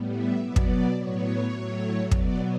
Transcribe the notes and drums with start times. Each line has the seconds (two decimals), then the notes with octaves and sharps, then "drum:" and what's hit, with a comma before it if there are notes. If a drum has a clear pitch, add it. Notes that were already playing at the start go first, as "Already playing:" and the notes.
Already playing: A2 G3 B3
0.13 E5
0.41 B2 F#3 B3 D5
0.56 drum: kick
0.98 A2 F#3 B3 C#5
1.55 A2 F#3 A3
2.11 B2 F#3 B3 D5, drum: kick